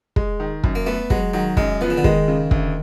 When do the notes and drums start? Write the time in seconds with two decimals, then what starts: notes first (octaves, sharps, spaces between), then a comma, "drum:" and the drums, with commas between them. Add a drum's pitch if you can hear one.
0.16 G#3, drum: kick
0.40 D#3
0.64 F#2, drum: kick
0.75 A#3
0.86 A3 B3
1.10 F#3 G#3, drum: kick
1.33 D#3 F#3
1.57 F#2 G#3, drum: kick
1.81 F3 B3
1.90 C#3
1.98 D3
2.04 D#3 G#3, drum: kick
2.28 C#3
2.51 D2, drum: kick